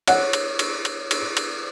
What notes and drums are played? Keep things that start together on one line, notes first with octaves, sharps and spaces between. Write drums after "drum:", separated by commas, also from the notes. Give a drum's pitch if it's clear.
C#5 F#5, drum: cymbal
drum: cymbal
drum: cymbal
drum: cymbal
drum: cymbal
drum: cymbal